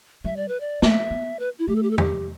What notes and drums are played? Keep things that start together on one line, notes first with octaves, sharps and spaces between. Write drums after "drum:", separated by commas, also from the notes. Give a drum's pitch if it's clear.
G3 E5
D5
B4
D5
A3 E5, drum: snare
B3
B4
E4
A3 G4
A4
G4
A4
G4, drum: tom E2